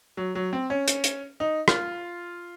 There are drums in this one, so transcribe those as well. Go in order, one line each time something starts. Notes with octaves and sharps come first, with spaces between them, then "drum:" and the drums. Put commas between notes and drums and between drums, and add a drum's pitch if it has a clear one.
F#3
F#3
C4
C#4
drum: hi-hat
drum: hi-hat
D#4
F4, drum: rim click